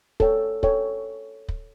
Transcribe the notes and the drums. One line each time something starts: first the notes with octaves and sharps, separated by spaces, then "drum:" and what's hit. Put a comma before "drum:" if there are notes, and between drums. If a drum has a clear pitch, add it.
A4 C#5 G5, drum: kick
A4 C#5 G5, drum: kick
drum: kick